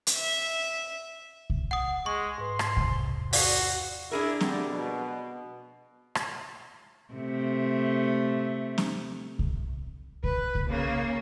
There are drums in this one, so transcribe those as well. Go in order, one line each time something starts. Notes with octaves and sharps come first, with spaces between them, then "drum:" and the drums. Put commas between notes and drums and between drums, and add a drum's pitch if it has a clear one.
drum: hi-hat
E5
drum: kick C2
F#5 D#6
G#3 C#6
G#2 B4 C6
drum: rim click
E2 C3, drum: kick C2
F#4 D5 F5, drum: open hi-hat
D4 E4 G#4 A#4
D3 G3, drum: snare C4
B2
drum: rim click
C3 A3
drum: snare C4
drum: kick C2
B4, drum: kick C2
drum: kick C2
C#3 A#3